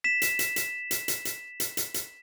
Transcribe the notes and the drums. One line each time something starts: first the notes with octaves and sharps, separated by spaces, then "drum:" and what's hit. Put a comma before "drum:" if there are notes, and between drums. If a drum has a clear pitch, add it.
B6 E7
drum: hi-hat
drum: hi-hat
drum: hi-hat
drum: hi-hat
drum: hi-hat
drum: hi-hat
drum: hi-hat
drum: hi-hat
drum: hi-hat